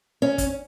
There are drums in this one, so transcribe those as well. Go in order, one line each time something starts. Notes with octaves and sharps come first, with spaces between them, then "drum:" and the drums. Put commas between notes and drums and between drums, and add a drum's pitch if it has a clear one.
C#4
drum: kick, hi-hat